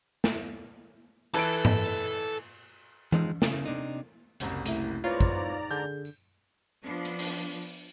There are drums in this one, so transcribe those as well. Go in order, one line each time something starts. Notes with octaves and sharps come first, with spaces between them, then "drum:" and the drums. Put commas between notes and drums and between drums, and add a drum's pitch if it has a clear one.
drum: snare
E3 A4 B4 A5 D7, drum: cymbal
drum: tom G#2
D#3 F3 G#3 D#4, drum: tom E3
C#3, drum: snare
C3 D4 D#4
F#1 C2 A#5, drum: hi-hat
A3 E4, drum: hi-hat
G#2 C4 F4 B4 C#5 D5 A#5
drum: kick
D3 G#4 G6
drum: tambourine
F3 B3 D4
drum: hi-hat
drum: open hi-hat